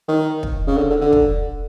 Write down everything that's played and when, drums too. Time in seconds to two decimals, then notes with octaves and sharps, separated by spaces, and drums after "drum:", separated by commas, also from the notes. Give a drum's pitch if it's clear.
0.08 D#3
0.43 drum: kick
0.67 C#3
0.78 D3
0.90 D3
1.01 D3
1.13 drum: kick